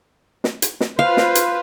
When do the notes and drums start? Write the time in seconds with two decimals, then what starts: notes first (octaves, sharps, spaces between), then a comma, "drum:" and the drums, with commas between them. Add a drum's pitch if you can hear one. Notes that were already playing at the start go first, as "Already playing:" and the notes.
0.44 drum: snare
0.62 drum: hi-hat
0.80 drum: snare
0.99 F4 B4 C5 F5
1.17 drum: snare
1.35 drum: hi-hat